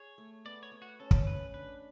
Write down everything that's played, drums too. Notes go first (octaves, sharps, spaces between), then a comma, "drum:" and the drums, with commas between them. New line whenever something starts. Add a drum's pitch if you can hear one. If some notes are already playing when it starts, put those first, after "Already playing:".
Already playing: G#4 C#5
A3
B3 D5
C#5
B3
F#4
C#4 A4
drum: kick
C#4 B4
D4 B4